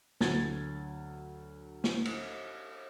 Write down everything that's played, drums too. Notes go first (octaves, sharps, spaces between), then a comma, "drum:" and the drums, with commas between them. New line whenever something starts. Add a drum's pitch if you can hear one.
D2 F#3 G#6 A6, drum: snare
drum: snare
drum: cymbal